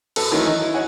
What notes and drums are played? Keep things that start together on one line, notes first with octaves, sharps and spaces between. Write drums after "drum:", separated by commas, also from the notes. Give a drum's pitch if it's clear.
F#2 A4 B4, drum: cymbal
D#3 E3 F#3 A3 C#4 D#4
D#5
E4
C#5 D#5 F#5 G#5